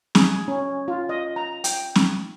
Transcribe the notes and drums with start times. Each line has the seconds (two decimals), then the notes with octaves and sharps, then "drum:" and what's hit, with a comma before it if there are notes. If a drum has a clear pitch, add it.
0.15 G#4, drum: snare
0.48 C#4
0.88 F4
1.09 D#5
1.36 A#5
1.64 G5, drum: hi-hat
1.95 drum: snare